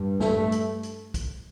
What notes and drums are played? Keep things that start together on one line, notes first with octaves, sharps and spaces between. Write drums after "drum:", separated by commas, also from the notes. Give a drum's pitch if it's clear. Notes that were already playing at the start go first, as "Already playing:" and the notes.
Already playing: G2
A3, drum: snare
drum: hi-hat
drum: hi-hat
drum: kick, hi-hat